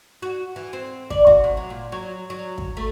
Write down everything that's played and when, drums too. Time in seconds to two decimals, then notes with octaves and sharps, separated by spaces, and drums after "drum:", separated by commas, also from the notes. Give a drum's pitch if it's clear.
0.22 F#4
0.56 E3
0.73 C4
1.10 D5, drum: kick
1.27 F#4, drum: kick
1.44 C3
1.57 F#3
1.70 A#2
1.92 F#3
2.30 F#3
2.58 drum: kick
2.77 A3